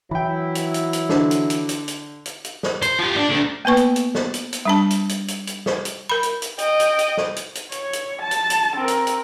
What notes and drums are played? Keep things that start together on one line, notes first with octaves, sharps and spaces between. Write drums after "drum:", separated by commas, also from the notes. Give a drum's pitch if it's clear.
E3 F#3 E4 G5 B5
drum: hi-hat
drum: hi-hat
drum: hi-hat
D3, drum: snare
drum: hi-hat
drum: hi-hat
drum: hi-hat
drum: hi-hat
drum: hi-hat
drum: hi-hat
drum: snare
C5, drum: hi-hat
F4 G4
D4
A3 D4
A#3 B3 B4 C#6
drum: hi-hat
drum: hi-hat
drum: snare
drum: hi-hat
drum: hi-hat
G3 D4 A5
drum: hi-hat
drum: hi-hat
drum: hi-hat
drum: hi-hat
drum: snare
drum: hi-hat
A#4 B5
drum: hi-hat
drum: hi-hat
D#5 G5, drum: hi-hat
drum: hi-hat
drum: hi-hat
drum: snare
drum: hi-hat
drum: hi-hat
C#5, drum: hi-hat
drum: hi-hat
A5
drum: hi-hat
drum: hi-hat
C4 A#4
drum: hi-hat
drum: hi-hat